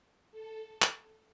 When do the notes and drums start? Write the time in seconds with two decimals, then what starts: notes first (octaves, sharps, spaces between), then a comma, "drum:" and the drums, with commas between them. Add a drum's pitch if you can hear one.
0.31 A4
0.82 drum: clap